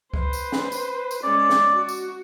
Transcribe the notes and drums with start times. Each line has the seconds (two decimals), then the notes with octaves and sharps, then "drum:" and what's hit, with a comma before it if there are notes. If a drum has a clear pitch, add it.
0.14 B4 C5, drum: kick C#2
0.33 drum: tambourine
0.52 drum: snare
0.72 drum: tambourine
1.11 drum: tambourine
1.23 G#3 C#4 D5
1.50 drum: snare
1.73 F#4
1.89 drum: tambourine